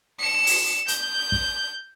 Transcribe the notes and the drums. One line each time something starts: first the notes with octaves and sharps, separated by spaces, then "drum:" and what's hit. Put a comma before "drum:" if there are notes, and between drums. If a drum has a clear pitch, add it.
C#7 E7
drum: open hi-hat
G6, drum: hi-hat
drum: kick